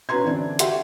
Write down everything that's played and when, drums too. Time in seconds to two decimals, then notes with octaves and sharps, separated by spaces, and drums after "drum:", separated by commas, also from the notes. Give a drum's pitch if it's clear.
0.09 C#4 F#4 B4 A#5 C6 G#6
0.24 D3 E3 C4 D4
0.59 F#4 G4 E5 F#5 G5 C6, drum: hi-hat